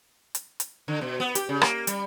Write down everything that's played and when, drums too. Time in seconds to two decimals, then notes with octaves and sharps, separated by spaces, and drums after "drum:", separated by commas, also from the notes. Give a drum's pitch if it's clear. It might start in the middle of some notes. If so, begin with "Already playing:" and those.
0.35 drum: hi-hat
0.60 drum: hi-hat
0.88 D3
1.01 B2
1.20 B3
1.35 G4, drum: hi-hat
1.49 C#3
1.61 A#3, drum: rim click
1.87 G3, drum: hi-hat